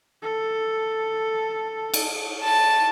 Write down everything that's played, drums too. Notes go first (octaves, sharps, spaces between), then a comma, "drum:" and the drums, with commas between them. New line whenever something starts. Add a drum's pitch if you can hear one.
A4
drum: cymbal
A5